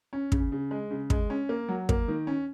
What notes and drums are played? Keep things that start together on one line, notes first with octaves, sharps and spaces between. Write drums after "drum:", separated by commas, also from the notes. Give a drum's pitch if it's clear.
C#4
C#3, drum: kick
C#3
G#3
C#3
G#3, drum: kick
C#4
A#3
F#3
A#3, drum: kick
D#3
C#4